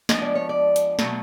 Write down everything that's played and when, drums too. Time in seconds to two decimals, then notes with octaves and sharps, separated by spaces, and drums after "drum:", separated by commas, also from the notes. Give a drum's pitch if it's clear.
0.09 F3 G#3 B3 D4 D#5, drum: snare
0.22 D5
0.35 C#5
0.49 D5
0.76 drum: hi-hat
0.99 B2 F#3 A3, drum: snare